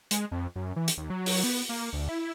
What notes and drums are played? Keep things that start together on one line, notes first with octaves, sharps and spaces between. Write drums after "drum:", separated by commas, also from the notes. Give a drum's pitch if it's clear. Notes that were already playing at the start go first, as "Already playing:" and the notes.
G#3, drum: hi-hat
F2
F#2
E3
drum: hi-hat
D#2
F#3
drum: open hi-hat
B3
A#3
D2
E4